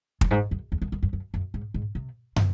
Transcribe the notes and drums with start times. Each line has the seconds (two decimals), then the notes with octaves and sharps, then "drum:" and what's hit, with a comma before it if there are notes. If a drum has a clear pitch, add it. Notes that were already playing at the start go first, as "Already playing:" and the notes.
0.21 F#2, drum: kick
0.31 G#2
0.51 F#2
0.72 E2
0.82 F#2
0.92 F#2
1.03 F#2
1.13 F#2
1.34 F#2
1.54 G#2
1.74 G#2
1.95 C3
2.36 C3, drum: tom